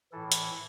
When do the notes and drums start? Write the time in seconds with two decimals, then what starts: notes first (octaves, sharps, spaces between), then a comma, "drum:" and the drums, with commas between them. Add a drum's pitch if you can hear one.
0.12 A2 E3 A4
0.32 drum: hi-hat